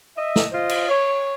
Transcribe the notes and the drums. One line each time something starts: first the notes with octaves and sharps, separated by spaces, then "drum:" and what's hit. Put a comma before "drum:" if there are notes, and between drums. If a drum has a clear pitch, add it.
D#5 E5
drum: snare
F4 C5 D#5
drum: cymbal
C#5